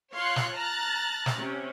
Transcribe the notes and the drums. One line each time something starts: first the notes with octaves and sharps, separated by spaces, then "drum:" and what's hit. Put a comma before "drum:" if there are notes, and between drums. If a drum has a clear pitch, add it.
F4 C#5 F5 C6 F#6 C#7
drum: snare
A5 A#5 F6 F#6 A6
drum: snare
C3 C#4